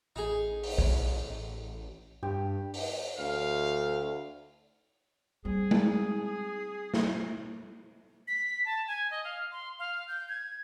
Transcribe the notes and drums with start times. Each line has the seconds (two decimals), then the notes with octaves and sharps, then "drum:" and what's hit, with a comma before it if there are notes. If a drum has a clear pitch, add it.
0.16 A1 D#4 G#4
0.63 drum: open hi-hat
0.78 drum: kick A#1
2.23 G2 G4
2.74 drum: open hi-hat
3.19 D2 F5
5.45 G3 C4 G#4
5.71 drum: tom G#3
6.94 drum: snare
8.27 B6
8.65 A5
8.88 G#5
9.11 D#5
9.24 F5
9.51 C6
9.79 F5
10.08 G6
10.29 G#6